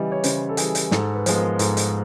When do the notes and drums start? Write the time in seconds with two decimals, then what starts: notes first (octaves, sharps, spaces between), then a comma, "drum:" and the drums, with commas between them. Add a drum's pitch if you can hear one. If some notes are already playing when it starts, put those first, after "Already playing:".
Already playing: C#3 E3 G3 D5 D#5
0.12 C#5
0.24 C#3 C5, drum: hi-hat
0.49 A4
0.57 E3 G3 G#4, drum: hi-hat
0.75 drum: hi-hat
0.91 G#2 A4, drum: snare
1.15 B4
1.26 F3 G#3 B3, drum: hi-hat
1.38 A#4
1.59 G#2 A4, drum: hi-hat
1.77 drum: hi-hat